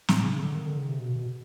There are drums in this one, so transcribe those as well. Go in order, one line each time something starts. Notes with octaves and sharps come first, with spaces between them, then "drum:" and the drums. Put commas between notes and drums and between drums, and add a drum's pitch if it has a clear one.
A2, drum: snare
C#3
D3
D#3
D3
C#3
C3
B2
B2